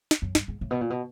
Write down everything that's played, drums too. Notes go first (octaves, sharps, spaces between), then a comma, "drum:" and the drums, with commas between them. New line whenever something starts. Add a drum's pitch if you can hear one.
drum: snare
F#2
G2, drum: snare
G#2
A2
B2
A#2
B2